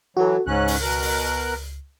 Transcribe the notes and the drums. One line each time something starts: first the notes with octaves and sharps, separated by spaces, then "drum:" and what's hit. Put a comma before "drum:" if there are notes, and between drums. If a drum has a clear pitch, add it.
E3 F#3 F#4 A4
C#2 G#2 C#4 F#6
drum: open hi-hat
B2 A#4 F#6
drum: open hi-hat